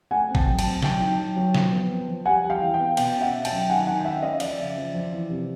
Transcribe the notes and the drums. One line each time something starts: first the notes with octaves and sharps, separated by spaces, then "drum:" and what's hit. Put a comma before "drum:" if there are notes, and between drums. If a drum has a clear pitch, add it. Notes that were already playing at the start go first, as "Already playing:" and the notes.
A3 F#5 G#5
C4
G5 A5, drum: kick G#1
F#3
A5, drum: cymbal
C4
F#3 G5 A5, drum: snare
D#4
F#3
F#3
F3, drum: snare
B3
F3
F3
G3 F#5 G#5
G3
F5 G5
E3
F5 G5
B3
B2 F5 G5, drum: cymbal
C#4
E5 F#5
C#4
G5 A5, drum: cymbal
F#3
D#3 F#5 G#5
D#3 F#5 G#5
G5
C#4 E5 F#5
C#4 D#5 F5
F3 D5 E5, drum: cymbal
C#3
F3
F3
E3
C3